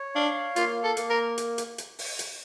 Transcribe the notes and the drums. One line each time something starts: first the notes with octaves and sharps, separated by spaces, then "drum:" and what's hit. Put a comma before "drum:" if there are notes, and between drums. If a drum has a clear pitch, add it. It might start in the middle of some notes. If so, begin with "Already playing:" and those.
Already playing: C#5
D4 F5
A#3 F4, drum: hi-hat
A4
A#3, drum: hi-hat
A#4
drum: hi-hat
drum: hi-hat
drum: hi-hat
drum: open hi-hat
drum: hi-hat